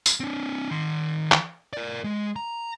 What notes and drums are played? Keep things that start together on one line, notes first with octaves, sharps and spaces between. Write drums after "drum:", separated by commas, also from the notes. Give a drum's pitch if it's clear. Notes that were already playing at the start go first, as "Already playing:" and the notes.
drum: tambourine
C4 D4
D#3 C6
drum: clap
A#4 D5
G#3
A#5